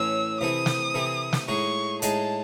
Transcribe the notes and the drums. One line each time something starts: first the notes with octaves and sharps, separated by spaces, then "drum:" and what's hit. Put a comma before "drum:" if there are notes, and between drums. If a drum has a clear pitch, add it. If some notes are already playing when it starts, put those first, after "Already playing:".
Already playing: A2 E3 A3 C#4 E6
C3 E3 C4 E4 A4 D#6
drum: snare
C3 E3 C4 E4 A4
drum: snare
A2 G#3 D#4 G#4 C#6
A2 G#3 D#4 G#4 A5, drum: hi-hat